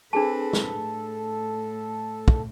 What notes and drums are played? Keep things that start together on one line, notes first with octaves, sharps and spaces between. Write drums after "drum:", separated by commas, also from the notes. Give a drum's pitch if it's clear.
C4 D4 G#4 A4 B4 A5
drum: snare
A2
drum: kick